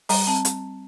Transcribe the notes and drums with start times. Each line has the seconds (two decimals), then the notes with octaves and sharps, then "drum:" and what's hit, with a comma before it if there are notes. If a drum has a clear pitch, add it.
0.09 G3 A#5, drum: open hi-hat
0.27 C4 A5
0.45 drum: hi-hat